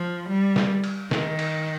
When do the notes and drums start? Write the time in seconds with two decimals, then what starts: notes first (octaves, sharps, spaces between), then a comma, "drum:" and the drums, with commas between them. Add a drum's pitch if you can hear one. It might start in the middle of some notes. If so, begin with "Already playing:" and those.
Already playing: F3
0.29 G3
0.56 drum: snare
0.84 drum: cymbal
1.11 D#3, drum: snare
1.39 drum: cymbal